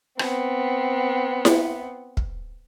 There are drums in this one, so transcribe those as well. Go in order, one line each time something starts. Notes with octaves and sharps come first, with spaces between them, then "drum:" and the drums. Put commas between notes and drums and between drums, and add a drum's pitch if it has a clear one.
B3 C4, drum: rim click
drum: snare E4
drum: kick